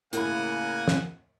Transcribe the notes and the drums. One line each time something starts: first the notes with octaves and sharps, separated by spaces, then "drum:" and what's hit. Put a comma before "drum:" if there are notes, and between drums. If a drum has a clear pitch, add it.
A2 C#3 A#3 A#4 F#5 G#5 B5, drum: hi-hat
drum: snare